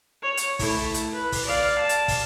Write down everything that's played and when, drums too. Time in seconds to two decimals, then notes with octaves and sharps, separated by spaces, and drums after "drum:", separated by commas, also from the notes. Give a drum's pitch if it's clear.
0.22 C#5
0.37 drum: hi-hat
0.59 A3 E4, drum: kick, open hi-hat
0.94 drum: hi-hat
1.13 B4
1.32 drum: kick, open hi-hat
1.45 D5 F5
1.79 A5
1.89 drum: hi-hat
2.08 drum: kick, open hi-hat